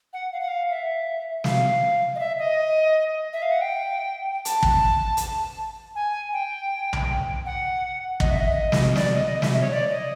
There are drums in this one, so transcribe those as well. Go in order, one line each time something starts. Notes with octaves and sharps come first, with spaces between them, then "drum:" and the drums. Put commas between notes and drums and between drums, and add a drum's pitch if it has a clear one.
F#5
F5
F#5
F5
E5
F5, drum: snare
D#5
E5
D#5
E5
F5
F#5
G5
A5, drum: hi-hat
drum: kick
drum: hi-hat
G#5
G5
drum: tom B1
F#5
D#5, drum: kick
E5
D#5
drum: snare
D5, drum: snare
D#5
D#5
E5, drum: snare
D#5
C#5
D5
D#5